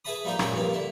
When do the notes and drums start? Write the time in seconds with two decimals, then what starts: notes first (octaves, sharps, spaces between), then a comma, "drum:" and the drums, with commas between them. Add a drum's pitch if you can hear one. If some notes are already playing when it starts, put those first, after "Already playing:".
0.05 G#4 B4 E5 A5 B5 D#6
0.25 F3 G3 A#3 D#4 G4
0.39 A#1 F#2 G#4 G5, drum: rim click
0.54 G2 F3 A#3
0.73 D3 E4